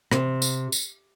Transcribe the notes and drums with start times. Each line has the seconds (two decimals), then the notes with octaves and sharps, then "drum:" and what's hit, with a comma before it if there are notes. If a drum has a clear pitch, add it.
0.11 C3, drum: rim click
0.42 drum: tambourine
0.72 drum: tambourine